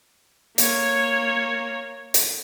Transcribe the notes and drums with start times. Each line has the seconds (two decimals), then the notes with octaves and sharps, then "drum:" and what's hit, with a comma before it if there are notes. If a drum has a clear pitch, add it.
0.58 A#3 C#5, drum: hi-hat
2.14 drum: hi-hat